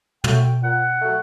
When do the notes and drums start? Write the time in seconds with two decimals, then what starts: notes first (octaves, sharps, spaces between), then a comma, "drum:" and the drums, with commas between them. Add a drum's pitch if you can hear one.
0.24 F#3 A3 G5, drum: tom
0.63 A#2 F#5
1.02 F#3 A3